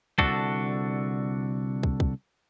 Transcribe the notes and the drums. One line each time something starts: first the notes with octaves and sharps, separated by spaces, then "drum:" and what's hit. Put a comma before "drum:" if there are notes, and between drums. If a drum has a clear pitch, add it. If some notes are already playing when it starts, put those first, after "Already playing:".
C2 D3 D4 F#4 A4, drum: kick
drum: kick
drum: kick